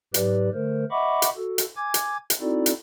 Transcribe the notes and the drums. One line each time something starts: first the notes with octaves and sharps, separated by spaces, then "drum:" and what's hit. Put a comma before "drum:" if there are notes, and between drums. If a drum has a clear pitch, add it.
G#2 F#3 G4 B4 D5, drum: hi-hat
D3 A3 A#4 C5
D#5 E5 F#5 B5 C#6 D6
drum: hi-hat
F#4 A4
drum: hi-hat
G#5 D6 G#6
drum: hi-hat
drum: hi-hat
C4 D#4 E4 F#4 A4 D5
drum: hi-hat